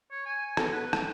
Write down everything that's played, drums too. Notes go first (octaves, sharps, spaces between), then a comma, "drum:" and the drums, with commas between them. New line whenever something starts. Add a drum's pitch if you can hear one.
C#5
G#5
B3 F#4 A4, drum: rim click
B4
G3 B3, drum: rim click